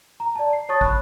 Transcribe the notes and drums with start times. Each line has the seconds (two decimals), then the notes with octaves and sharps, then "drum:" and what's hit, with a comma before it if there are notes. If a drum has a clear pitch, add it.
0.20 A#5
0.35 D5 A5
0.53 C7
0.69 C#5 A5 C#6 D#6 A6
0.81 B5 F#6, drum: kick